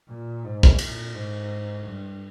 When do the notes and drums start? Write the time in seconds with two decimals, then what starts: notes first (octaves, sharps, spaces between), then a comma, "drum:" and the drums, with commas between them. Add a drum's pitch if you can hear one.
0.08 A#2
0.43 G#2
0.63 drum: kick
0.79 A#2, drum: cymbal
1.13 G#2
1.83 G2